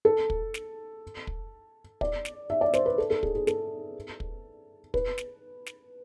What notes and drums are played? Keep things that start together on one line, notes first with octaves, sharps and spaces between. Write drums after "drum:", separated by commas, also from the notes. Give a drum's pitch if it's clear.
A4
drum: kick
drum: snare
drum: kick
D5, drum: kick
drum: snare
E5
D5
C5, drum: snare
B4
A4
A4
G#4, drum: kick
G#4
A4, drum: snare
drum: kick
B4, drum: kick
drum: snare
drum: snare